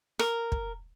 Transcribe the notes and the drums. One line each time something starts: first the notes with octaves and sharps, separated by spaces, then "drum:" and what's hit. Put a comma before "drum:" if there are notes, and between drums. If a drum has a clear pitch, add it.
A#4, drum: rim click
drum: kick